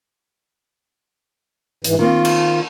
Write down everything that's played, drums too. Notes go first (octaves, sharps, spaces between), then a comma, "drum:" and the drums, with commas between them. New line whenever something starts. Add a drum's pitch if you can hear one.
G#2 E3, drum: hi-hat
D#3 A#3 C4 F4
drum: cymbal